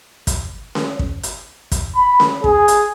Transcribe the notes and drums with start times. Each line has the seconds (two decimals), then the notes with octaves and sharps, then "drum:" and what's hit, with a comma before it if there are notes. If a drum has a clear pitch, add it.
0.27 drum: kick, hi-hat
0.75 drum: snare C#4
0.99 drum: kick
1.23 drum: hi-hat
1.72 drum: kick, hi-hat
1.96 B5
2.20 drum: snare C#4
2.44 G#4, drum: kick
2.68 drum: hi-hat